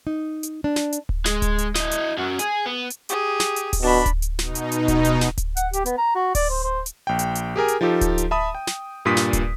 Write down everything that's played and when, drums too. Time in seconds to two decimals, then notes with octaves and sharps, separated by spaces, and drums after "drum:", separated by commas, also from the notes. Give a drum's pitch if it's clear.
0.07 D#4
0.43 drum: hi-hat
0.64 D4
0.76 drum: snare
0.93 drum: hi-hat
1.09 drum: kick D1
1.25 G#3, drum: snare
1.42 drum: kick D1, hi-hat
1.58 drum: hi-hat
1.75 E4 D#5, drum: snare
1.91 drum: hi-hat
2.18 F#2 F#3
2.39 G#4, drum: hi-hat
2.66 B3
2.90 drum: hi-hat
3.09 G4 G#4, drum: hi-hat
3.40 drum: snare
3.56 drum: hi-hat
3.73 drum: kick D1, open hi-hat
3.82 B2 D4 B5
4.06 drum: kick D1, hi-hat
4.22 drum: hi-hat
4.39 B2 D#4, drum: snare
4.55 drum: hi-hat
4.72 drum: hi-hat
4.88 drum: kick D1, hi-hat
5.05 drum: hi-hat
5.21 drum: snare
5.38 drum: kick D1, hi-hat
5.57 F#5, drum: hi-hat
5.73 G4, drum: hi-hat
5.86 B3, drum: hi-hat
5.98 A#5
6.15 F#4
6.35 D5, drum: kick D1, open hi-hat
6.50 C5
6.64 C5
6.86 drum: hi-hat
7.07 A#1 G5
7.19 drum: hi-hat
7.35 drum: hi-hat
7.56 G4 G#4 A#4 G#5
7.68 drum: hi-hat
7.81 F3 D#4 F4 G4 A4
8.01 drum: kick D1, hi-hat
8.18 drum: hi-hat
8.31 E5 A5 B5 D#6
8.55 G5
8.67 drum: snare
9.05 G2 A#2 C6 D#6 B6
9.17 drum: snare
9.33 drum: kick D1, hi-hat